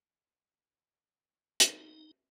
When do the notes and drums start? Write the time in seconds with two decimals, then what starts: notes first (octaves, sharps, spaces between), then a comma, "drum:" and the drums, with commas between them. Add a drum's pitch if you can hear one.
1.60 D#4, drum: hi-hat